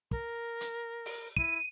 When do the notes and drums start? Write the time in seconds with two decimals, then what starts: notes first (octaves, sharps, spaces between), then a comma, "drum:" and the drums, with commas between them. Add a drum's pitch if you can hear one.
0.11 A#4, drum: kick
0.61 drum: hi-hat
1.06 drum: open hi-hat
1.37 E4 D#7, drum: kick